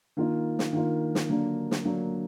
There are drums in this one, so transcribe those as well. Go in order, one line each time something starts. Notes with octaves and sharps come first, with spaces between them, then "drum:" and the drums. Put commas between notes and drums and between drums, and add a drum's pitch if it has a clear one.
D#3 A#3 F4
drum: snare
D#3 A#3 F4
drum: snare
D3 F#3 A#3 D4
drum: snare
D3 F#3 A#3 D4